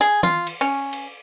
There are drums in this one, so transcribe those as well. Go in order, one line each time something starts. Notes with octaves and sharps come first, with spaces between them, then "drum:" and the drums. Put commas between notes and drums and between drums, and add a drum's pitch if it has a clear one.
G#4
F4, drum: tom E3
drum: cymbal
C#4
drum: cymbal